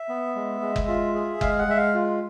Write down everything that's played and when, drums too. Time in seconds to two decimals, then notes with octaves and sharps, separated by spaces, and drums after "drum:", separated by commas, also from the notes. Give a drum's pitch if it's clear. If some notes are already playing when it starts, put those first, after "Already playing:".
Already playing: E5
0.09 B3
0.35 G#3
0.61 G#3
0.76 drum: kick F#1
0.88 F4
1.15 G#4
1.41 G#3 F5, drum: kick F#1
1.59 F#5
1.68 G#3 E5
1.77 F5
1.94 F4